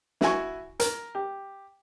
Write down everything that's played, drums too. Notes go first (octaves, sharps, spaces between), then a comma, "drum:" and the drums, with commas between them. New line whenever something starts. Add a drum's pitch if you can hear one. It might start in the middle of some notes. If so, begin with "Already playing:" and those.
E4 F#4 G#5 C#6, drum: snare
A#4, drum: hi-hat
G4